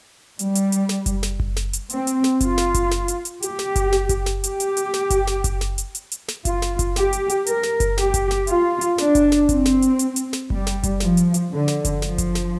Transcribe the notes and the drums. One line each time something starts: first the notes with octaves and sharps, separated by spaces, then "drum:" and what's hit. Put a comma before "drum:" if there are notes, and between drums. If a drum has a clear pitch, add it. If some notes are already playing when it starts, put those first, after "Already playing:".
G3, drum: hi-hat
drum: hi-hat
drum: hi-hat
drum: snare
drum: kick F#1, hi-hat
drum: snare
drum: kick F#1
drum: snare
drum: hi-hat
C4, drum: hi-hat
drum: hi-hat
drum: snare
F4, drum: kick F#1, hi-hat
drum: snare
drum: kick F#1, hi-hat
drum: snare
drum: hi-hat
drum: hi-hat
G4, drum: hi-hat
drum: snare
drum: kick F#1, hi-hat
drum: snare
drum: kick F#1, hi-hat
drum: snare
G4, drum: hi-hat
drum: hi-hat
drum: hi-hat
drum: snare
drum: kick F#1, hi-hat
drum: snare
drum: kick F#1, hi-hat
drum: snare
drum: hi-hat
drum: hi-hat
drum: hi-hat
drum: snare
F4, drum: kick F#1, hi-hat
drum: snare
drum: kick F#1, hi-hat
G4, drum: snare
drum: hi-hat
drum: hi-hat
A#4, drum: hi-hat
drum: snare
drum: kick F#1, hi-hat
G4, drum: snare
drum: kick F#1, hi-hat
drum: snare
F4, drum: hi-hat
drum: hi-hat
D4, drum: snare
drum: kick F#1, hi-hat
drum: snare
C4, drum: kick F#1, hi-hat
drum: snare
drum: hi-hat
drum: hi-hat
drum: hi-hat
drum: snare
G3, drum: kick F#1
drum: snare
drum: kick F#1, hi-hat
F3, drum: snare
drum: hi-hat
drum: hi-hat
D3
drum: snare
drum: kick F#1, hi-hat
F3, drum: snare
drum: kick F#1, hi-hat
drum: snare